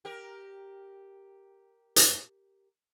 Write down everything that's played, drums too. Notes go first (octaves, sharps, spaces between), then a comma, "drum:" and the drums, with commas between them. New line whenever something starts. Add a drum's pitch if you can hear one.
G4 A#4
drum: hi-hat